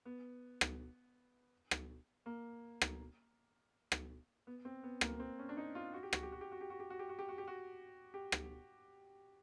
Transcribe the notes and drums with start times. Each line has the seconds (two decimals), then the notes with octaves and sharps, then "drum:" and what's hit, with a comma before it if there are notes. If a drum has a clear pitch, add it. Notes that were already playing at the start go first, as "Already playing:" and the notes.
0.05 B3
0.61 drum: rim click
1.71 drum: rim click
2.26 A#3
2.81 drum: rim click
3.92 drum: rim click
4.47 B3
4.65 C4
4.83 B3
5.01 A#3, drum: rim click
5.20 C4
5.39 C#4
5.49 D4
5.57 D#4
5.75 F4
5.93 F#4
6.03 G4
6.13 F#4, drum: rim click
6.23 G4
6.32 F#4
6.41 G4
6.52 F#4
6.61 G4
6.70 F#4
6.80 G4
6.90 F#4
6.99 G4
7.09 F#4
7.19 G4
7.28 F#4
7.38 G4
7.47 F#4
8.14 G4
8.32 drum: rim click